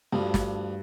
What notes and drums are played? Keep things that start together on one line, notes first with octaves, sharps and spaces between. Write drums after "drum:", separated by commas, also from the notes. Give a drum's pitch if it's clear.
D2 G2 D3 F3
drum: snare